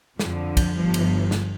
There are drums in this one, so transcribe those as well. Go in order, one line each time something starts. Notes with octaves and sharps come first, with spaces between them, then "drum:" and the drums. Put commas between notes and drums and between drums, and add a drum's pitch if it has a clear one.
F2 D3 F3, drum: snare
drum: kick, cymbal
G1 G2 F3
drum: cymbal
drum: snare